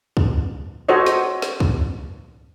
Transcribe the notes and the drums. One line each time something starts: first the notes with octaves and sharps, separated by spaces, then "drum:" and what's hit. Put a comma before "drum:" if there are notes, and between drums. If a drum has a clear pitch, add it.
drum: kick
F#4 A4 C5 C#5 D#5
drum: snare
drum: snare
drum: kick